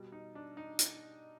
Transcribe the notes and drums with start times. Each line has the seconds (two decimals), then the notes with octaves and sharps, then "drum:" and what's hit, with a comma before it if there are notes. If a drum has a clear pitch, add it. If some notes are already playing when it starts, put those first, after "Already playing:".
Already playing: B2 G3
0.12 D#4
0.35 D4
0.57 D#4
0.79 drum: hi-hat